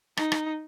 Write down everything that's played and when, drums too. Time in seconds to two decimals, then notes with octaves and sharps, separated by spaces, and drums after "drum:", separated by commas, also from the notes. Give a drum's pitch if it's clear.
0.17 D#4, drum: rim click
0.32 drum: rim click